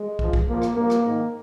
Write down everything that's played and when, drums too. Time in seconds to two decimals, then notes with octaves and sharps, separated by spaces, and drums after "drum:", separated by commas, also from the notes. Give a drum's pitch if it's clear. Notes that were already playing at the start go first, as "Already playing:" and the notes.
Already playing: G#3
0.19 G2 F3, drum: kick
0.33 drum: kick
0.47 A#2 F3 A#3
0.62 drum: rim click
0.76 G2 F3 A#3
0.90 drum: rim click
1.04 G#2 D#3